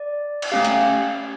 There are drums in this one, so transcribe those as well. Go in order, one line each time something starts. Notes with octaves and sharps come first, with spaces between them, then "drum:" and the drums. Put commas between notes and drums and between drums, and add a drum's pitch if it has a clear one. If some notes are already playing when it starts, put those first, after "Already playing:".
Already playing: D5
drum: cymbal
A3 C#4 G4 F5
drum: hi-hat